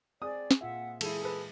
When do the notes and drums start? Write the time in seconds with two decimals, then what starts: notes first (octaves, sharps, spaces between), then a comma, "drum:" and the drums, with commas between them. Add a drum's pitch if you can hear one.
0.22 C4 G#4 D5 D#6
0.51 drum: snare
0.61 A#2 F4 E5 F#5
1.01 E3 G#3 E4 G#4 A4, drum: cymbal
1.22 A4 B4